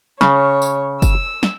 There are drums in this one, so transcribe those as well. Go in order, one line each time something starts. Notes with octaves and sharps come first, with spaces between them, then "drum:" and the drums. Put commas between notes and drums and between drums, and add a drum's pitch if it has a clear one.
C#3 C#5, drum: snare
drum: tambourine
E6, drum: kick F#1, tambourine
drum: snare